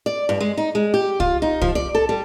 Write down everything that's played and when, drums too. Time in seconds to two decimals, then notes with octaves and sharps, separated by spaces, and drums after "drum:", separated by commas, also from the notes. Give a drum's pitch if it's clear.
0.06 D5
0.29 G2
0.41 G#3
0.57 D#4
0.75 G#3
0.94 G4
1.20 F4, drum: kick C2
1.42 D#4
1.62 F3, drum: kick C2
1.75 D5
1.95 A4
2.09 G3